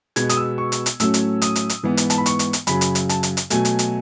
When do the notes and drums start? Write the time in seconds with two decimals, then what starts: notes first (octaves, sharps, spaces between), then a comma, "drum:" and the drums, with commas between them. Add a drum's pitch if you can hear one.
0.16 B2 G#3 B3 G#6, drum: hi-hat
0.29 D#6, drum: hi-hat
0.37 E6
0.58 C#6
0.72 drum: hi-hat
0.86 drum: hi-hat
1.00 A2 F#3 A3 C#4 E6, drum: hi-hat
1.14 drum: hi-hat
1.42 D#6, drum: hi-hat
1.56 drum: hi-hat
1.69 drum: hi-hat
1.83 G#2 E3 B3
1.97 drum: hi-hat
2.10 A5, drum: hi-hat
2.18 B5
2.26 C#6, drum: hi-hat
2.39 drum: hi-hat
2.53 drum: hi-hat
2.67 F#2 C#3 F#3 B5, drum: hi-hat
2.81 drum: hi-hat
2.95 drum: hi-hat
3.09 A5, drum: hi-hat
3.23 drum: hi-hat
3.37 drum: hi-hat
3.50 B2 F#3 A3 G#5, drum: hi-hat
3.65 drum: hi-hat
3.79 drum: hi-hat